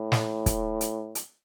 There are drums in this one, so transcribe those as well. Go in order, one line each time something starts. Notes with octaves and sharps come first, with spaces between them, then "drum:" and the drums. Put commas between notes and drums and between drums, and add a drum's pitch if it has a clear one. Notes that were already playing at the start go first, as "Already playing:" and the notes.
Already playing: A2
drum: snare
drum: kick, hi-hat
drum: hi-hat
drum: hi-hat